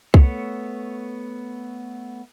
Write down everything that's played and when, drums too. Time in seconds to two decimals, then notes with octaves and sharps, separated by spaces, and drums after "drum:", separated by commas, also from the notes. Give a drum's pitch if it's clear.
0.14 A3 B3 C#5, drum: kick C2